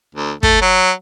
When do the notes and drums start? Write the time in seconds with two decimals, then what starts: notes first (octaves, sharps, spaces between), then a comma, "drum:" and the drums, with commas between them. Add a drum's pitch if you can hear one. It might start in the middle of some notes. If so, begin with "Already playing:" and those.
0.15 D2
0.43 A3, drum: kick
0.61 F#3